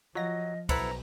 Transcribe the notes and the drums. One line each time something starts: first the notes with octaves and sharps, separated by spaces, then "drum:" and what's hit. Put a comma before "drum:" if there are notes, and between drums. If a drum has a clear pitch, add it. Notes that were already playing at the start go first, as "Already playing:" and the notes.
F3 F#3 F4 D#5 A#6
B1 E4 A4 B4 C5 F#5 A#5 B5, drum: kick, cymbal